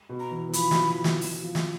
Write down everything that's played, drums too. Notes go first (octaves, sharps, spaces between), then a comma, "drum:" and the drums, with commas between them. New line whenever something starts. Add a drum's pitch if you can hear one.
B2
A#5
E3
E3
F3 B5, drum: hi-hat
F#3, drum: snare
F#3
F#3, drum: snare
F#3, drum: open hi-hat
F3
drum: snare